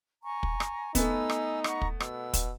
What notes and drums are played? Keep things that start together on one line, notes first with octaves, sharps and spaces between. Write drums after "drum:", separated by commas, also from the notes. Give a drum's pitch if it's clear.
G#5 A#5 C#6
drum: kick
drum: rim click
A3 B3 D#4 G#5 E6, drum: kick, hi-hat
drum: rim click
F#5 A#5 C#6, drum: rim click
drum: kick
B2 E6, drum: rim click
drum: kick, hi-hat